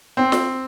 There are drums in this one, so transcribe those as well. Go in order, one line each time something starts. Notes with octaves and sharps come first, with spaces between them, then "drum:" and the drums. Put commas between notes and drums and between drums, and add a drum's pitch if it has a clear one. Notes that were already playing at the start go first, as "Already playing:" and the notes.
C4
drum: snare